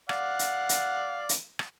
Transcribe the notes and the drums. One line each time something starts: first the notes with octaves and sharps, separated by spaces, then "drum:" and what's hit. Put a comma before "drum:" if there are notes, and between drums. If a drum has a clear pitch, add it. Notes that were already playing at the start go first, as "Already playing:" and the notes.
D5 F5 F#5, drum: rim click
drum: hi-hat
drum: hi-hat
drum: hi-hat
drum: rim click